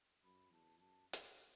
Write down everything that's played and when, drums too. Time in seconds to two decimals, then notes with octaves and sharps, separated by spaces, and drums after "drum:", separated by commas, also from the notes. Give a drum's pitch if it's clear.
0.23 F#2 B5
0.52 E2 A5
0.79 F#2 A5
1.13 drum: hi-hat